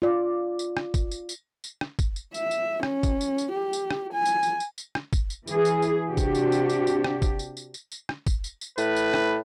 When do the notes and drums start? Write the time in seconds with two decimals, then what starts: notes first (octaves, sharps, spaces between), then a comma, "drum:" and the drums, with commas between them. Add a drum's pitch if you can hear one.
0.02 F4 D5
0.59 drum: tambourine
0.77 drum: rim click
0.94 drum: kick, tambourine
1.11 drum: tambourine
1.29 drum: tambourine
1.64 drum: tambourine
1.81 drum: rim click
1.99 drum: kick, tambourine
2.16 drum: tambourine
2.34 E5, drum: tambourine
2.51 drum: tambourine
2.83 C#4, drum: rim click
3.03 drum: kick, tambourine
3.21 drum: tambourine
3.38 drum: tambourine
3.52 G4
3.73 drum: tambourine
3.91 drum: rim click
4.13 G#5
4.25 drum: tambourine
4.43 drum: tambourine
4.60 drum: tambourine
4.78 drum: tambourine
4.95 drum: rim click
5.13 drum: kick, tambourine
5.30 drum: tambourine
5.47 E3 G#4, drum: tambourine
5.65 drum: tambourine
5.82 drum: tambourine
6.08 C3 D4 F#4 G4
6.17 drum: kick, tambourine
6.35 drum: tambourine
6.52 drum: tambourine
6.70 drum: tambourine
6.87 drum: tambourine
7.04 drum: rim click
7.22 drum: kick, tambourine
7.39 drum: tambourine
7.57 drum: tambourine
7.74 drum: tambourine
7.92 drum: tambourine
8.09 drum: rim click
8.27 drum: kick, tambourine
8.44 drum: tambourine
8.61 drum: tambourine
8.78 A2 B4, drum: tambourine
8.96 drum: tambourine
9.14 drum: rim click